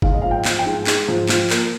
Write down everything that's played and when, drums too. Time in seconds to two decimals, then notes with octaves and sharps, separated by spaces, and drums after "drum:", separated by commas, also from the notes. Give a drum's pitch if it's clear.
0.02 G#2 F5, drum: kick F#1
0.13 D#5
0.22 F3 F5
0.31 G5
0.45 F3, drum: clap
0.59 G5
0.66 G#2
0.87 G#2, drum: clap
1.08 F3
1.29 F3, drum: clap
1.50 A#3, drum: clap